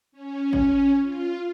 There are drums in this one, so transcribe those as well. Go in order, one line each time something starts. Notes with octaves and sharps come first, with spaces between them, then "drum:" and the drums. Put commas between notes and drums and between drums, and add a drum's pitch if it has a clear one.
C#4
drum: kick G#1
F4